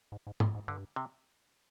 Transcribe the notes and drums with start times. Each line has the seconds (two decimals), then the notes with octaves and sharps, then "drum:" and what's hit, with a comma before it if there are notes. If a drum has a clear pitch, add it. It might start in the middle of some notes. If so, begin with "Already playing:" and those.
0.12 G#2
0.27 G#2
0.40 G#2, drum: tom
0.55 G#2
0.68 G2 D3
0.96 C3